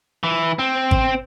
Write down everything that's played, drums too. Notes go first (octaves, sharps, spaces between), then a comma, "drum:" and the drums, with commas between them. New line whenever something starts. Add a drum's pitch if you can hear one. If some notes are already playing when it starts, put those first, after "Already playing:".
E3
C4
drum: kick G#1